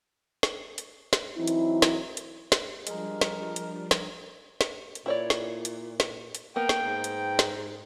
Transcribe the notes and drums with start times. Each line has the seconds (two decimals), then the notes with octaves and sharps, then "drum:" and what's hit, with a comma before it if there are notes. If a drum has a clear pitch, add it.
0.43 drum: snare
0.78 drum: hi-hat
1.13 drum: snare
1.37 E3 F#3 C4 D#4 E4
1.48 drum: hi-hat
1.82 drum: snare
2.17 drum: hi-hat
2.52 drum: snare
2.87 F3 G3 G#3 D4 A#4, drum: hi-hat
3.21 drum: snare
3.56 drum: hi-hat
3.91 drum: snare
4.61 drum: snare
4.95 drum: hi-hat
5.06 A#2 E4 C#5 D5
5.30 drum: snare
5.65 drum: hi-hat
6.00 drum: snare
6.35 drum: hi-hat
6.56 A#3 B3 A#4 G5
6.69 drum: snare
6.84 G#2
7.04 drum: hi-hat
7.39 drum: snare